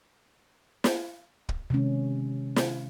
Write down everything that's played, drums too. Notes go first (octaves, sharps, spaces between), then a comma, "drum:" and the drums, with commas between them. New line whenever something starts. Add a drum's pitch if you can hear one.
drum: snare
drum: kick
C3 D#3 G#3 C#4
drum: snare